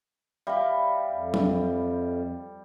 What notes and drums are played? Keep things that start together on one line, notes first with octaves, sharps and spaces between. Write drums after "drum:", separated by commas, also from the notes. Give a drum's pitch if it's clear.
G3 E5 F5
F2
drum: tom F#3